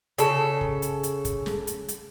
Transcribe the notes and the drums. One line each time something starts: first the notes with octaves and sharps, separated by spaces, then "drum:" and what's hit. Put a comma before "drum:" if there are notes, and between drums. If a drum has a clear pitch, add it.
C#3 A4, drum: hi-hat
drum: kick
drum: hi-hat
drum: hi-hat
drum: kick, hi-hat
drum: snare
drum: hi-hat
drum: hi-hat